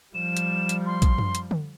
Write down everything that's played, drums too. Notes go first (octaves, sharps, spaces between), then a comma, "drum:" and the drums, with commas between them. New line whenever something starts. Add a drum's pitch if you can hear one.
F3 G3 E7
drum: hi-hat
drum: hi-hat
C6
drum: kick A#1, hi-hat
drum: tom F#2
drum: hi-hat
drum: tom D3